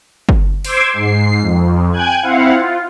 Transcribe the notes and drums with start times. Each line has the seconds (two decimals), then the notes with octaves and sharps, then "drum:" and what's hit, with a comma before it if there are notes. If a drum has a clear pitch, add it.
0.29 drum: kick
0.64 C5 C6 D6 E6 G#6, drum: open hi-hat
0.93 G#2 C7
1.42 F2
1.92 G5 G#5 F#6 G#6
2.22 C4 E4 F5 F#5
2.53 F4